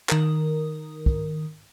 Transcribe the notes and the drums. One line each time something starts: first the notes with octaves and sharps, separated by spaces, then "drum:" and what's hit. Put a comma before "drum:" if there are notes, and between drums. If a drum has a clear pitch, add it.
D#3 A#4, drum: clap
drum: kick